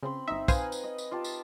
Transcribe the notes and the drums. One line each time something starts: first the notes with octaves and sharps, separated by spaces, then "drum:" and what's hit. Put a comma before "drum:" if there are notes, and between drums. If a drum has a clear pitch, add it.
C#3 C4 B5 C6
G1 D#4 E5
B4 C5 F5 G#5, drum: kick, tambourine
drum: tambourine
D#5
drum: tambourine
F4 G4 A5
drum: tambourine